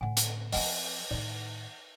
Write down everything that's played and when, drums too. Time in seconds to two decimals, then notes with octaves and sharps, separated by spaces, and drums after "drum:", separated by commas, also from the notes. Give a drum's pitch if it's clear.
0.01 A2 D3 F#5 G#5
0.17 drum: hi-hat
0.52 F3 C4 D#5 F#5 G#5, drum: open hi-hat
1.10 A2 D#3 D#4 D5